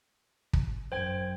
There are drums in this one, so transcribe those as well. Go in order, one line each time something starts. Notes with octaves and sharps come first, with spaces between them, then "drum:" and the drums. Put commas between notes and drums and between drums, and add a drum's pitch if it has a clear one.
drum: kick
F#2 C5 G5 G#6